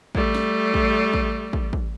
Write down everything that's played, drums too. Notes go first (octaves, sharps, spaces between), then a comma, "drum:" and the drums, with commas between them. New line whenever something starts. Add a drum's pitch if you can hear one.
G3 A3, drum: kick
drum: snare
drum: kick
drum: kick
drum: kick
drum: kick